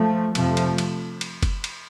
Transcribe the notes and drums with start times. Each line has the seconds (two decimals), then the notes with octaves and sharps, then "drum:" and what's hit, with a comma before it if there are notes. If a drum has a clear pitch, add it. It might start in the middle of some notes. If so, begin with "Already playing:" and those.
Already playing: F3 A3
0.35 F2 C3 F3 A3, drum: cymbal
0.57 drum: cymbal
0.78 drum: cymbal
1.21 drum: cymbal
1.43 drum: kick F#1, cymbal
1.64 drum: cymbal